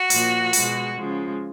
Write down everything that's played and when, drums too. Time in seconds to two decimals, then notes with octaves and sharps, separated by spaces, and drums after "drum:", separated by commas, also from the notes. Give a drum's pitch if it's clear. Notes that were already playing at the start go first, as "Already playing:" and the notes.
Already playing: F#4
0.10 A#2 F3 A#3, drum: open hi-hat
0.53 B2 G#3, drum: open hi-hat
0.97 C#3 F3 G#3